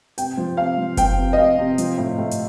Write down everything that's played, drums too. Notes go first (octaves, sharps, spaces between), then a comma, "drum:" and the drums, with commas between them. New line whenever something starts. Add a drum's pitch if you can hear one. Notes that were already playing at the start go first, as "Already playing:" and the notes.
C3 G5, drum: hi-hat
F3
C3 F5
F3
F3 G5, drum: kick F#1, hi-hat
C3
D#5
C3 F5
C3
F3, drum: hi-hat
A2
A2
drum: hi-hat